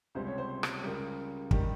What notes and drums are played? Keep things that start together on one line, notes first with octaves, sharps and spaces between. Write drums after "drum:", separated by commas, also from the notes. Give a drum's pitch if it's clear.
C#2 C3 G3 C5
C#5
C5
drum: rim click
C#2 C#3 G3 A#4
D#3 G3, drum: kick